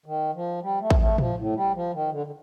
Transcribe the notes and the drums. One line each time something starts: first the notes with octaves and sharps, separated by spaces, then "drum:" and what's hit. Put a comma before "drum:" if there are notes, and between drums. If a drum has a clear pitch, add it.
D#3
F3
G3
A3
drum: kick A1
A3
F3, drum: tom
A2
G3
F3
D#3
D3
D3